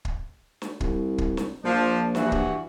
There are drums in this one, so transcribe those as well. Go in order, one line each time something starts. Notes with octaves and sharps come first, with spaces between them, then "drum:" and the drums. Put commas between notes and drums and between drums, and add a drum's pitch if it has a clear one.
drum: kick
drum: snare
C2, drum: kick
drum: kick
drum: snare
A#1 F3 D4
G2 E3 F#4, drum: snare
drum: kick